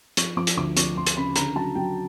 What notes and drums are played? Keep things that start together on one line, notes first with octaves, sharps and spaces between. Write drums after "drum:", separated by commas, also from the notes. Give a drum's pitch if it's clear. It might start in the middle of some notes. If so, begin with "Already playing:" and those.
F3 C#6, drum: hi-hat
F3 D6
drum: hi-hat
D2 D6
F3 C#6, drum: hi-hat
F3 C6
drum: hi-hat
C#3 B5
D3 A#5, drum: hi-hat
F#3 A5
F#3 G5